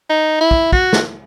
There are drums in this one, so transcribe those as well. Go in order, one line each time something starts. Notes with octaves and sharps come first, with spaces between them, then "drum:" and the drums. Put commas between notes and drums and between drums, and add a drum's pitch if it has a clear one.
D#4
E4
drum: kick
F#4, drum: kick
drum: snare